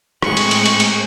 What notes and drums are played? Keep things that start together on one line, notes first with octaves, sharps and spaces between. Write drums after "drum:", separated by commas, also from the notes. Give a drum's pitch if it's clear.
A2 G#3 C4 G#4 C#6 F#6, drum: rim click
drum: cymbal
drum: cymbal
drum: cymbal
drum: cymbal